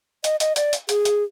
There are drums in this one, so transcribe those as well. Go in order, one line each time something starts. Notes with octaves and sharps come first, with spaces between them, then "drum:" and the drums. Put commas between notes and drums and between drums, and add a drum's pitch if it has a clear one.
D#5, drum: hi-hat
D#5, drum: hi-hat
D5, drum: hi-hat
drum: hi-hat
G#4, drum: hi-hat
drum: hi-hat